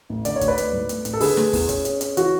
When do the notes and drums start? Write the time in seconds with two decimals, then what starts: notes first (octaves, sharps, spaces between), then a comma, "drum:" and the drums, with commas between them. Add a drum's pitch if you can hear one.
0.09 A1
0.25 D3 D5, drum: hi-hat
0.36 C#5
0.41 D2, drum: kick, hi-hat
0.48 B4 D5
0.58 D2, drum: hi-hat
0.73 G#2
0.89 A3, drum: hi-hat
1.05 A1, drum: hi-hat
1.13 A4
1.20 D3 G#4 B4, drum: open hi-hat
1.37 A3, drum: snare
1.53 E2, drum: kick, open hi-hat
1.69 C#4, drum: kick, hi-hat
1.85 C#4, drum: hi-hat
2.01 C#4, drum: hi-hat
2.17 E3 F#4, drum: hi-hat